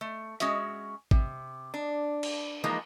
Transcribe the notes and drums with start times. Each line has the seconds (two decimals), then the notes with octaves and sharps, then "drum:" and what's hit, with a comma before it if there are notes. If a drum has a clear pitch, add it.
0.01 A3
0.40 G#3 C#4 F#4 E5, drum: hi-hat
1.11 C3, drum: kick
1.74 D4
2.23 drum: cymbal
2.64 E3 F3 G#3 A#3 D#4